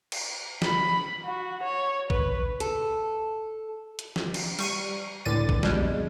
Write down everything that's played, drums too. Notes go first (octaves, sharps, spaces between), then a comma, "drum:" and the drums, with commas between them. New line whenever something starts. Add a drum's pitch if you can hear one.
drum: cymbal
B5, drum: snare
F#4
C#5
B4, drum: kick
A4, drum: hi-hat
drum: hi-hat
drum: snare
drum: cymbal
G3 C#6 D#7, drum: cymbal
C#2 A2 D3 D5 A6 D#7
drum: kick
F2 B2 G3 G#3, drum: snare